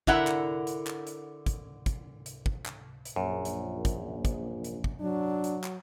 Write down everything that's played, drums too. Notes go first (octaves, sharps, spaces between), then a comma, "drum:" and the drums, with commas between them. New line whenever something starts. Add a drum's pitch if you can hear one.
D3 E4 A#4 E5 F#5, drum: kick
drum: clap
drum: hi-hat
drum: clap
drum: hi-hat
drum: kick, hi-hat
drum: kick, hi-hat
drum: hi-hat
drum: kick
drum: clap
drum: hi-hat
A#1 F#2
drum: hi-hat
drum: kick, hi-hat
drum: kick, hi-hat
drum: hi-hat
drum: kick
F#3 D4
drum: hi-hat
drum: clap